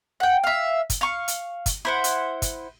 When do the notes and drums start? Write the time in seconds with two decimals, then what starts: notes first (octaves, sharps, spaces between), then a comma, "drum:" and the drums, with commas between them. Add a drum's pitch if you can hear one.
0.20 F#5 G5
0.44 E5 F5
0.90 drum: kick, hi-hat
1.01 F5 C#6
1.28 drum: hi-hat
1.66 drum: kick, hi-hat
1.85 E4 C5 F#5
2.04 drum: hi-hat
2.42 drum: kick, hi-hat